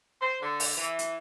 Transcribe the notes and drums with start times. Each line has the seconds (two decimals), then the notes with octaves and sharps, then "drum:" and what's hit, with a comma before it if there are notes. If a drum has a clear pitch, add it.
0.21 C5
0.42 D3
0.60 drum: open hi-hat
0.76 E3
0.99 drum: hi-hat